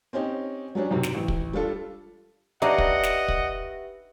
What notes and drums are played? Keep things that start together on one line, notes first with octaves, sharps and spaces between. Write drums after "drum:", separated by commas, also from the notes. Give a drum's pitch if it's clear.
C4 C#4 D#4 G4
F#3 G3 C#4 D4
B1 F#2 C3
drum: snare
A1
drum: kick
G3 D4 F4 A4
D4 D#4 G4 B4 D#5 E5 F#5
drum: kick
drum: snare
drum: kick